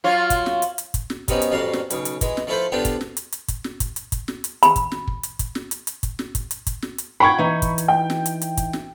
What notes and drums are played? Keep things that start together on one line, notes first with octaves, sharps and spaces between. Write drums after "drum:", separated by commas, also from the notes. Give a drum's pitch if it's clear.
F#3 F4 C#5
drum: kick, hi-hat
drum: snare
drum: hi-hat
drum: hi-hat
drum: kick, hi-hat
drum: snare
C3 F#3 B3 C#4 D#4, drum: kick, hi-hat
drum: hi-hat
A1 F2 G3 F#4 F5
drum: snare
B1 C#3, drum: hi-hat
drum: hi-hat
E3 G#3, drum: kick, hi-hat
drum: snare
F3 A3 E4 A4 B4 C5
D3 B3 C4 D4 F4 G4
drum: kick, hi-hat
drum: snare
drum: hi-hat
drum: hi-hat
drum: kick, hi-hat
drum: snare
drum: kick, hi-hat
drum: hi-hat
drum: kick, hi-hat
drum: snare
drum: hi-hat
B5, drum: hi-hat
drum: kick, hi-hat
drum: snare
drum: kick
drum: hi-hat
drum: kick, hi-hat
drum: snare
drum: hi-hat
drum: hi-hat
drum: kick, hi-hat
drum: snare
drum: kick, hi-hat
drum: hi-hat
drum: kick, hi-hat
drum: snare
drum: hi-hat
F#5 G5 B5 C#6 G#6
E3 D#4
drum: kick, hi-hat
drum: hi-hat
G5
drum: snare
drum: hi-hat
drum: hi-hat
drum: kick, hi-hat
drum: snare